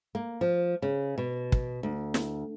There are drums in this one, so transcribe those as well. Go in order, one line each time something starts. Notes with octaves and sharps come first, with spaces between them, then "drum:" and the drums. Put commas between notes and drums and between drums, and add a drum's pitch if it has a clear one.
A#3
F3
C#3
B2
drum: kick
D2
drum: snare